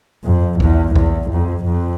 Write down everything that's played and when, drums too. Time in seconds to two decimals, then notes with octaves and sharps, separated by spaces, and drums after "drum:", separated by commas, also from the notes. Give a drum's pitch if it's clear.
0.25 F2
0.60 E2, drum: kick B1
0.96 E2, drum: kick B1
1.31 F2
1.66 F2